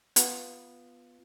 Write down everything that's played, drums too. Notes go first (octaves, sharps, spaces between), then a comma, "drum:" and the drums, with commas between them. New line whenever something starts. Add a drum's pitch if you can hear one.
B3 F4, drum: hi-hat